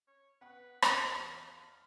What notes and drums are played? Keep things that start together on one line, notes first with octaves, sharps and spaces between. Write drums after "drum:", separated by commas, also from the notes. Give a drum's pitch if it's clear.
C#5
B3 B4 F#5
drum: rim click
F#4 G4
E2 F5